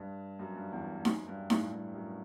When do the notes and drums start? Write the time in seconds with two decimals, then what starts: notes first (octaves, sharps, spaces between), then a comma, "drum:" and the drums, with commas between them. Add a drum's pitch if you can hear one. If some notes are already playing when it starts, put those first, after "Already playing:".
Already playing: G2
0.39 F#2
0.56 G2
0.72 E2
1.05 F#2, drum: snare D#4
1.28 G2
1.50 A2, drum: snare D#4
1.72 G2
1.94 F#2